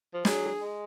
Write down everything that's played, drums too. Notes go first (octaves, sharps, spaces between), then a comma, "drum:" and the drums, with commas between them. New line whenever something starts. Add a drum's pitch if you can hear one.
F3
F#3 G#4, drum: snare
G#3